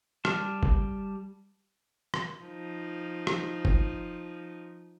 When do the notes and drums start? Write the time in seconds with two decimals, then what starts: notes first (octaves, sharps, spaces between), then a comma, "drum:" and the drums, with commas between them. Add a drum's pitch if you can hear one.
0.25 G3 A5 F6, drum: rim click
0.63 drum: kick
2.14 drum: rim click
2.41 F3 D#4
3.27 drum: rim click
3.65 drum: kick